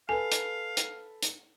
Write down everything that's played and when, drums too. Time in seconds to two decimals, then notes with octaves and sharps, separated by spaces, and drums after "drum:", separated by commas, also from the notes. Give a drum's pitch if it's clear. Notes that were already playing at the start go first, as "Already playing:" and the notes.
0.09 A4 B4 F5 G#5
0.32 drum: hi-hat
0.77 drum: hi-hat
1.23 drum: hi-hat